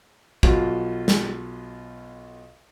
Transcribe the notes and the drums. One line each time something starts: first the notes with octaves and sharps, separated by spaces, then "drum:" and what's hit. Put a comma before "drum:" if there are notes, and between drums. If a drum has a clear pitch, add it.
B1 F3 F4 F#4, drum: kick
drum: snare